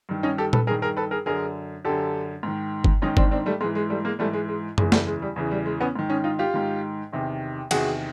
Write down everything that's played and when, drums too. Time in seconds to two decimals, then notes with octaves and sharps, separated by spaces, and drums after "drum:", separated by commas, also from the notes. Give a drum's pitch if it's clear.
0.09 G2 D#3
0.23 C#4 D#4
0.38 G4 A4
0.53 A4 B4, drum: tom A#2
0.67 G2 D#3 G#4 A#4
0.82 G#4 A#4
0.97 A4 B4
1.11 G#4 A#4
1.26 F#2 D3 G#4 A#4
1.85 F#2 D3 G4 A4
2.43 G#2 D#3
2.84 drum: kick G1
3.02 G#2 D#3 C#4 D#4
3.17 C4 D4, drum: kick G1
3.31 C4 D4
3.46 G3 A3
3.61 G#2 E3 G#3
3.75 G#3
3.90 G3 A3
4.05 G#3 A#3
4.19 G#2 E3 G3 A3
4.33 G#3
4.48 G#3
4.78 E2 C#3 E3 G#3, drum: tom F#2
4.92 G3 A3, drum: snare
5.07 G#3
5.22 G3
5.36 E2 C#3 E3
5.51 G3
5.66 G#3
5.81 B3 C#4
5.96 G#2 D#3
6.09 C#4 D#4
6.24 D#4 F4
6.39 F4 G4
6.54 G#2 D#3
7.13 E2 C3 D#3
7.71 E2 C3 D#3 F#4 G#4, drum: cymbal